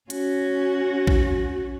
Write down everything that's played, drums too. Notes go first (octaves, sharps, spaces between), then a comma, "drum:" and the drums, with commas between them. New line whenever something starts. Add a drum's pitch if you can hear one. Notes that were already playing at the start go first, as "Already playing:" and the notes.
C#4 F#4, drum: hi-hat
drum: kick A1